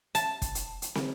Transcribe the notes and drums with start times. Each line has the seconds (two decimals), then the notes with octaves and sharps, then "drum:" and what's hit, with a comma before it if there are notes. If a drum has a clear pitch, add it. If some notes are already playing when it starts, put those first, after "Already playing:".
0.15 A5, drum: hi-hat
0.42 drum: kick, hi-hat
0.55 drum: hi-hat
0.82 drum: hi-hat
0.95 drum: snare